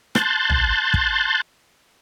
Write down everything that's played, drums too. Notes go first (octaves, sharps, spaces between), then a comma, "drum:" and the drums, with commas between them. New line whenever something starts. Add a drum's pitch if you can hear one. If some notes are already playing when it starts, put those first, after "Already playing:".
A5 C6 F#6 G6 A6, drum: rim click
drum: tom
drum: kick